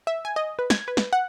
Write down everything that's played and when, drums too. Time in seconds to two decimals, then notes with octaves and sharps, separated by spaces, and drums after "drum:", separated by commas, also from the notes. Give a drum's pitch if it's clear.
0.07 E5
0.25 G#5
0.36 D#5
0.59 B4
0.70 G#6, drum: snare
0.88 B4
0.97 drum: snare
1.13 F#5